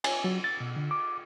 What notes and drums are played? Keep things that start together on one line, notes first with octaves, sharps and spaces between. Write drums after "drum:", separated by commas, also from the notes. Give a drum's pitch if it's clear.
G#5, drum: cymbal
F#3
A6
B2
D3
D6